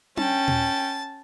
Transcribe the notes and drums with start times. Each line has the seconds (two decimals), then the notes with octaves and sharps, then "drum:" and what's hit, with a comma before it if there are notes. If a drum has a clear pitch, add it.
0.17 C#4 G5 A5, drum: tom D4
0.48 drum: tom A#2